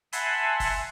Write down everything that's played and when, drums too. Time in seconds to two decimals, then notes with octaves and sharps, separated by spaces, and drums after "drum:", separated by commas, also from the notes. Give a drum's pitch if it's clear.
0.13 E5 F#5 G#5 A5 B5 C6, drum: hi-hat
0.60 drum: kick, open hi-hat